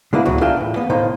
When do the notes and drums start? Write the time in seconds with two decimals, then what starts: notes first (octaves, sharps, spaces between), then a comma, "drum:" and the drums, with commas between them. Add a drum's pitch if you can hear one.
0.13 D3 G#3 A#3 B3 E4
0.26 E2 A2 F#3 F#4, drum: tom C#2
0.41 D4 F4 G#4 A#4 E5 G5
0.57 A2 E3
0.76 A#3 B3
0.90 B1 A2 D#3 A#3 D#4 C5